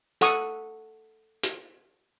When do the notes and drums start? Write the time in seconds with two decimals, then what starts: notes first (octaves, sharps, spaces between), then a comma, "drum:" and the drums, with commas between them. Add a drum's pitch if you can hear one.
0.21 A4 F#5 C#6 D#6, drum: hi-hat
1.43 drum: hi-hat